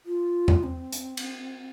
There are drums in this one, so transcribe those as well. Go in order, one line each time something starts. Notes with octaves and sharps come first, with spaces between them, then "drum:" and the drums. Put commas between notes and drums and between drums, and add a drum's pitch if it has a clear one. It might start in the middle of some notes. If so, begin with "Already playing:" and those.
F4
drum: tom E2
C4
drum: hi-hat
drum: cymbal